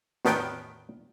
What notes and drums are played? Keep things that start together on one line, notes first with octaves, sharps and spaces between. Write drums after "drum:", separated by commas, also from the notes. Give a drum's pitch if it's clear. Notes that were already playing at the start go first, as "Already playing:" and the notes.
E2 A2 D#3 B3 G5, drum: snare